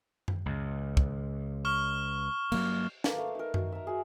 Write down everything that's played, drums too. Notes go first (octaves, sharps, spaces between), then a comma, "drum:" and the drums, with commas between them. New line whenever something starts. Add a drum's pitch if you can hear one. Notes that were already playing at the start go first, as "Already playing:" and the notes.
drum: tom F#2
C#2
drum: kick
C#6 F6 G7
G2 F#3 A#3, drum: cymbal
A#3 A4 B4, drum: snare
A3
D#4 A#4
F#4, drum: tom F#2
E5 A#5
F#4 G#4